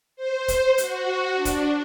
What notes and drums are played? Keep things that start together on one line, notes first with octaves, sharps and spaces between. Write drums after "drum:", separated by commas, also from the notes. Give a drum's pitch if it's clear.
C5
drum: kick, hi-hat
F#4, drum: hi-hat
D4
drum: kick, hi-hat